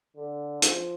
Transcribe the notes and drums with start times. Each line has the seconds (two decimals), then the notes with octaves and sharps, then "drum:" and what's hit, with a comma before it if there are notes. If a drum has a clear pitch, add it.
0.16 D3
0.62 F3, drum: hi-hat